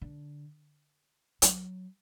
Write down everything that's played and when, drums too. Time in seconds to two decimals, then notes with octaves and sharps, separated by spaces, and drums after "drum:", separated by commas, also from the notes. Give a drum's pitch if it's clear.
0.02 D3
1.42 F#3, drum: hi-hat